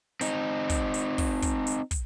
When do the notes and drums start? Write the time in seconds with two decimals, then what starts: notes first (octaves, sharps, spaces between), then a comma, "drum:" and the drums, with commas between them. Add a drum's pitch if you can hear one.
0.21 C4 D#4, drum: hi-hat
0.70 drum: kick, hi-hat
0.94 drum: hi-hat
1.18 drum: kick, open hi-hat
1.42 drum: kick, hi-hat
1.67 drum: hi-hat
1.91 drum: kick, hi-hat